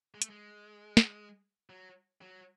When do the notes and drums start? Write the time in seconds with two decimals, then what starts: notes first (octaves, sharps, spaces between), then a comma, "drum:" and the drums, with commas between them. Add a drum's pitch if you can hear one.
0.14 G#3
0.22 A3, drum: hi-hat
0.30 G#3
0.97 drum: snare
1.70 F#3
2.21 F#3